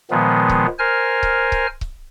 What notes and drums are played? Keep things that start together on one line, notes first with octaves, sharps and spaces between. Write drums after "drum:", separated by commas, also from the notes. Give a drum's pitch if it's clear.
A#2 D#3 F3 G#3 B3
drum: kick C#1
A#4 C5 G#5 F6
drum: kick C#1
drum: kick C#1
drum: kick C#1